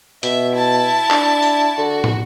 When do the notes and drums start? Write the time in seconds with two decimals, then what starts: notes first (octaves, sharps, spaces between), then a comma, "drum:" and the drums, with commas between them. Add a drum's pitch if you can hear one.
0.23 B2 E5, drum: hi-hat
0.52 E4 A5
1.11 D4, drum: clap
1.42 drum: tambourine
1.78 D3 F#4
2.04 drum: tom